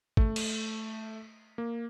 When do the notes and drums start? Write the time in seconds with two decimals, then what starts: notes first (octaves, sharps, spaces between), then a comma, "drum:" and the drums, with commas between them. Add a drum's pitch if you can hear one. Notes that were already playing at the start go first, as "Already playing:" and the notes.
0.17 A3, drum: kick
0.36 drum: cymbal
1.58 A#3